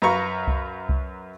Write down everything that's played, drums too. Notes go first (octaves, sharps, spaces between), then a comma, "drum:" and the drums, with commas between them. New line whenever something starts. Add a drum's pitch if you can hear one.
F#2 B4 F5 A#5 C#6
drum: kick C2
drum: kick C2